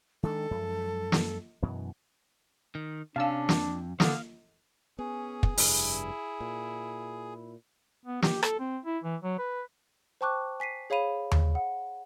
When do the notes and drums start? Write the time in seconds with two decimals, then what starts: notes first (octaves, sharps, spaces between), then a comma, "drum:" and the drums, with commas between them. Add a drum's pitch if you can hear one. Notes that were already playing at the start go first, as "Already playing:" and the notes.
0.23 D#3 G#3 D4 A4
0.51 F#2 F3 G#3
1.12 drum: snare
1.62 F#2 B2 E3
2.75 D#3
3.16 C3 C#4 D4 F5 A5 E6
3.49 F2, drum: snare
4.00 D3 F5 D#6, drum: snare
4.99 B3 C#4 G#4
5.43 drum: kick
5.57 F1 G2 E4, drum: open hi-hat
6.41 A#2
8.06 B3
8.22 G4, drum: snare
8.43 A4, drum: rim click
8.59 C4
8.85 E4
9.04 E3
9.22 F#3
9.38 B4
10.21 C5 G5 A5 C#6 D6 F#6
10.60 G#5 B6 C7 D#7
10.90 G#4 C#5 F5 B5 D#7 F7
11.32 drum: tom D#2
11.55 F#5